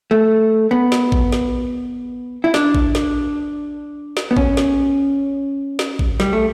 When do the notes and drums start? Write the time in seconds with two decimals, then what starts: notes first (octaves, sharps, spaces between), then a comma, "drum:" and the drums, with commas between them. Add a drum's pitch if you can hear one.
0.11 A3
0.71 B3
0.92 drum: snare
1.12 drum: kick A1
1.32 drum: snare
2.44 E4
2.54 D4, drum: snare
2.75 drum: kick A1
2.95 drum: snare
4.17 drum: snare
4.31 B3
4.37 C#4, drum: kick A1
4.57 drum: snare
5.79 drum: snare
5.99 drum: kick A1
6.20 G3, drum: snare
6.33 A3